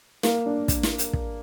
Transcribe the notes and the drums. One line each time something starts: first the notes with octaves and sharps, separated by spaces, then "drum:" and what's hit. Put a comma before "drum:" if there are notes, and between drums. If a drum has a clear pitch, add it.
A#3, drum: snare
D4
drum: kick, hi-hat
drum: snare
drum: hi-hat
drum: kick